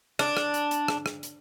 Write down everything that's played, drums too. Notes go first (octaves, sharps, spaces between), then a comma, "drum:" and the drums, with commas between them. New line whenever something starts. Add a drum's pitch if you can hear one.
D4, drum: rim click
drum: rim click
drum: hi-hat
drum: hi-hat
drum: rim click
drum: rim click
drum: hi-hat